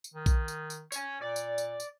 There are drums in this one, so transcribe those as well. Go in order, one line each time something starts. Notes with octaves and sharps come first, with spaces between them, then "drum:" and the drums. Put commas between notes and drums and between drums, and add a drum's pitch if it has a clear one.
drum: tambourine
D#3
drum: kick A#1, tambourine
drum: tambourine
drum: tambourine
C#5 G#5, drum: tambourine
A#2 D5
drum: tambourine
drum: tambourine
drum: tambourine